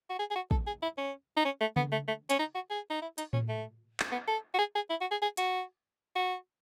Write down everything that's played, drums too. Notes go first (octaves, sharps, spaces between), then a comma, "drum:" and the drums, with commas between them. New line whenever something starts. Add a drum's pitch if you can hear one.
F#4
G#4
G#4
F#4
A4, drum: kick
G#4
E4
C#4
D#4
C#4
A3
B3, drum: tom C#3
A3
A3
C#4, drum: hi-hat
D#4
F#4
G#4
D#4
E4
D#4, drum: hi-hat
C#4, drum: tom A2
A3
drum: clap
B3
A4
F#4
G#4
G#4
E4
F#4
G#4
G#4
F#4, drum: hi-hat
F#4